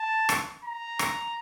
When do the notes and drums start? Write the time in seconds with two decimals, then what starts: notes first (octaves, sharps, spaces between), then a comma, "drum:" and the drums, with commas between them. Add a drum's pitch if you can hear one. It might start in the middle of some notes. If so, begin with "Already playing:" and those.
Already playing: A5
0.29 drum: rim click
0.64 A#5
0.99 drum: rim click